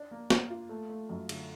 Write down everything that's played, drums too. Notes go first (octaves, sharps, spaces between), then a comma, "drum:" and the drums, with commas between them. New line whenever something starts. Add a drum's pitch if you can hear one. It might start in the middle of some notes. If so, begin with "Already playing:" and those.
Already playing: D4
A#3
A#3, drum: snare
F4
A3
A3
F#2
D3, drum: cymbal